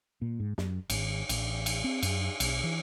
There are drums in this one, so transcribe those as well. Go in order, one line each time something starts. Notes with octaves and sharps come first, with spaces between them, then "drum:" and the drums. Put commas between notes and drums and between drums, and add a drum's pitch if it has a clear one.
A#2
G#2
F#2, drum: snare
G#1, drum: cymbal
A1, drum: cymbal
drum: cymbal
C4
F#2, drum: cymbal
B1, drum: cymbal
E3